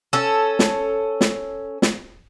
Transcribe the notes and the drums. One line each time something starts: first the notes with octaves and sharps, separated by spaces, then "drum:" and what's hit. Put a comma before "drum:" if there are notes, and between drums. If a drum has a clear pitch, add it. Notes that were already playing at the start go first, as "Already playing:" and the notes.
C#4 A4
drum: snare
drum: snare
drum: snare